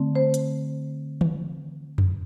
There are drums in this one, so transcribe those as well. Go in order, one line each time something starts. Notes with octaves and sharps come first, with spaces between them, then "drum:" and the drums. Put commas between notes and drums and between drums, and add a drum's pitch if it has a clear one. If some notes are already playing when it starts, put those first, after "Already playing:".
Already playing: D3 A3 C4
C5
drum: hi-hat
drum: tom D#3
drum: tom F2